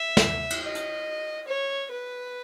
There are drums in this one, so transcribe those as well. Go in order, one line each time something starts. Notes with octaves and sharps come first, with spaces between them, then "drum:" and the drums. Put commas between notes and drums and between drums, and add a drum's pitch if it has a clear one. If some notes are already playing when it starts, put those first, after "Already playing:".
Already playing: E5
drum: snare
drum: cymbal
D#5
drum: hi-hat
C#5
B4